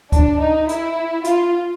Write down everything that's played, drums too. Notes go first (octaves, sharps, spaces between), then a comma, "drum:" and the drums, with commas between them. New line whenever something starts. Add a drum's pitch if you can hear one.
D4, drum: kick C#2, hi-hat
D#4
E4, drum: hi-hat
F4, drum: hi-hat